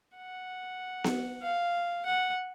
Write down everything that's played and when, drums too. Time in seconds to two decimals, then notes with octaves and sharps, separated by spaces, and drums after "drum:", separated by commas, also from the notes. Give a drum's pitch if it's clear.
0.16 F#5
1.04 drum: snare B3
1.42 F5
2.06 F#5